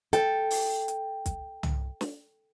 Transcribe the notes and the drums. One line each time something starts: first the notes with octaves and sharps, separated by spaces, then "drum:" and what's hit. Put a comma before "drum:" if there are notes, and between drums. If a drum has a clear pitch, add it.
A4 G5, drum: hi-hat
drum: open hi-hat
drum: hi-hat
drum: kick, hi-hat
drum: tom
drum: snare